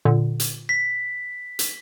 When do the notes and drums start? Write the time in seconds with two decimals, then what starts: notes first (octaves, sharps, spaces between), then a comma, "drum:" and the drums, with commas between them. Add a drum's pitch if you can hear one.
0.05 A#2 D3
0.40 drum: hi-hat
0.69 B6
1.59 drum: hi-hat